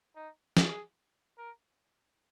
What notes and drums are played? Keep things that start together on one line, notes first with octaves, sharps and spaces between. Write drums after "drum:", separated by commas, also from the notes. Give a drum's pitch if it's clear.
D#4
G#4, drum: snare
A#4